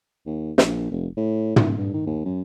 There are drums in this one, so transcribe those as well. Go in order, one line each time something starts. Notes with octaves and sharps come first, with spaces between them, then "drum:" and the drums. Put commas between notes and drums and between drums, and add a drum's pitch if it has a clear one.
D#2
A#1, drum: snare
F1
A2
D#1, drum: tom
G2
D#3
D#2
F#2